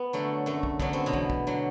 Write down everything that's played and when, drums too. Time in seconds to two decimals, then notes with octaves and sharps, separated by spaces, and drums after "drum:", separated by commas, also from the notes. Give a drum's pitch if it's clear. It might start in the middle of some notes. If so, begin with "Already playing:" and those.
Already playing: B3
0.13 D3 F#3 A3
0.46 F#2 A3
0.63 drum: kick
0.80 D3 F#3 B3, drum: kick
0.93 C4
1.06 B2 B3
1.13 E2, drum: kick
1.30 drum: kick
1.47 D3 F#3